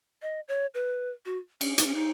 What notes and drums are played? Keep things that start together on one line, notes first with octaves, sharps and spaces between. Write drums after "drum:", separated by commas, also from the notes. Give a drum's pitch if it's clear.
D#5
C#5
B4
F#4
C#4, drum: cymbal
D#4, drum: hi-hat
C#4
D#4